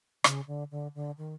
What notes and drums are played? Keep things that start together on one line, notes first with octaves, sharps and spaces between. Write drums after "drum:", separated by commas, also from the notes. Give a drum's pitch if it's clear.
C#3, drum: rim click
D3
D3
D3
D#3